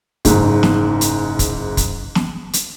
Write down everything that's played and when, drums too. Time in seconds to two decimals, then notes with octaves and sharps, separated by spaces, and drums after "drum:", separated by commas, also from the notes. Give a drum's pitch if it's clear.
0.25 F#1 G#2, drum: kick, hi-hat
0.63 drum: snare
1.01 drum: hi-hat
1.39 drum: kick, hi-hat
1.77 drum: kick, hi-hat
2.15 drum: snare
2.53 drum: hi-hat